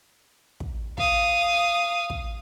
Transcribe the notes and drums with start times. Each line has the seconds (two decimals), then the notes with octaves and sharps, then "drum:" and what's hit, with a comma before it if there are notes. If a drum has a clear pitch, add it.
0.60 drum: kick
0.98 F5 D#6, drum: kick
2.10 drum: kick